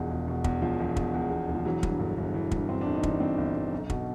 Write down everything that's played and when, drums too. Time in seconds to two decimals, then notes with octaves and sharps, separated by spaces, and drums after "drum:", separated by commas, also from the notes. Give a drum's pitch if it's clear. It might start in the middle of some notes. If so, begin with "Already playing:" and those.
Already playing: E1 E2 B2 F3
0.11 E1
0.28 B2
0.44 E2, drum: kick
0.62 E1 F3
0.80 E1
0.96 B2, drum: kick
1.14 E2
1.31 E1
1.49 E1
1.55 F3
1.65 E3 F#3
1.83 G2, drum: kick
2.00 G1
2.18 G1
2.34 E3
2.51 G2, drum: kick
2.69 G1 C4
2.81 D4
2.86 G1
2.95 D#4
3.03 E3 D4, drum: kick
3.20 G2 C4
3.38 G1
3.55 G1
3.72 B1
3.90 B2, drum: kick